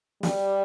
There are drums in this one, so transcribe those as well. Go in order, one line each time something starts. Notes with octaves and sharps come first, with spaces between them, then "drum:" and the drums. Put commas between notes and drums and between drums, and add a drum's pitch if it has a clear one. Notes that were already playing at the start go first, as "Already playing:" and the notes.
G3, drum: snare